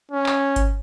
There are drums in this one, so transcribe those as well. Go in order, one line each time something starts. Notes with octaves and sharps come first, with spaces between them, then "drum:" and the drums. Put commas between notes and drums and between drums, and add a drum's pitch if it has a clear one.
C#4
drum: clap
drum: kick G1, hi-hat